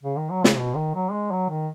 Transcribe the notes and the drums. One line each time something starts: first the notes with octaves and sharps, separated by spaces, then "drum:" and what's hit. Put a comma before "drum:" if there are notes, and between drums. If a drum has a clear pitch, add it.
C#3
D#3
F#3
C#3, drum: snare
B2
D#3
F#3
G#3
F#3
D#3